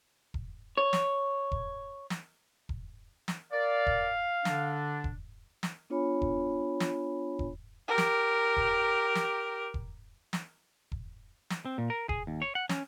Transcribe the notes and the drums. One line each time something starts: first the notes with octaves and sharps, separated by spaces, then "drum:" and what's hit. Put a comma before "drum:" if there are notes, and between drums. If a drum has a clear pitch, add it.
drum: kick E1
C#5
drum: snare
drum: kick E1
drum: snare
drum: kick E1
drum: snare
A#4 D5 F5
drum: kick E1
D3 D4, drum: snare
drum: kick E1
drum: snare
B3 D4 F4 C#5 G#5 B5
drum: kick E1
drum: snare
drum: kick E1
G4 A#4
drum: snare
drum: kick E1
drum: snare
drum: kick E1
drum: snare
drum: kick E1
drum: snare
C4
A#2
A#4
G#4, drum: kick E1
D#2
C#5
F#5
C#4, drum: snare